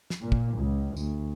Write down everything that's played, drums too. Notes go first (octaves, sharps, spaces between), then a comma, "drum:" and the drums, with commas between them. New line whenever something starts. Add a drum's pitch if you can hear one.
drum: snare
A#2
drum: kick
C#2
D2, drum: tambourine